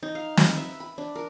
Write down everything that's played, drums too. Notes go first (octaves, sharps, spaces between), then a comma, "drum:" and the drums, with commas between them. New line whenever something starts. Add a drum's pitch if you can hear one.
D#4
F5
B4, drum: snare
E5
B5
D4
A#4